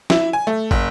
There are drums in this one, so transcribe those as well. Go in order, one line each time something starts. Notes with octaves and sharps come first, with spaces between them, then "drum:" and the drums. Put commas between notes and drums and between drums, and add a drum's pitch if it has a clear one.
E4, drum: snare
G#5
A3
F#1, drum: kick